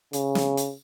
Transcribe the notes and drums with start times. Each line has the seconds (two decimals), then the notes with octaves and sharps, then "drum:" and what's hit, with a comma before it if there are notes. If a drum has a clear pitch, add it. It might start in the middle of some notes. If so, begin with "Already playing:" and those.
0.13 C#3, drum: hi-hat
0.35 drum: snare
0.57 drum: hi-hat